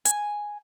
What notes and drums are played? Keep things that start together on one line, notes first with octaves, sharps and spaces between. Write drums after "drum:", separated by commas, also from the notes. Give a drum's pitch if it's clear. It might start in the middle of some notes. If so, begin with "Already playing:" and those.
G#5, drum: hi-hat